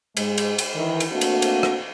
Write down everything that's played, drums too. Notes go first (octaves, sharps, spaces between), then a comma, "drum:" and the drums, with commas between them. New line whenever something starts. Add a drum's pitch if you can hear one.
G#2 G#3, drum: cymbal
drum: cymbal
drum: cymbal
D#3 E3
drum: cymbal
A3 A#3 C4 D4 F#4
drum: cymbal
drum: cymbal
drum: rim click